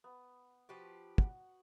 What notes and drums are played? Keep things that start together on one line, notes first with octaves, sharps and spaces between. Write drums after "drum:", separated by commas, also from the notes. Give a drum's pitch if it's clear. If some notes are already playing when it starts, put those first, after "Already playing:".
B3
F3 F#4 G4 B4
F#5, drum: kick